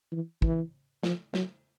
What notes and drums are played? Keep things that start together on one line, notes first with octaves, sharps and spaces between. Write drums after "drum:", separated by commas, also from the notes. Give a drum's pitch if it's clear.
E3
E3, drum: kick
F3, drum: snare
F#3, drum: snare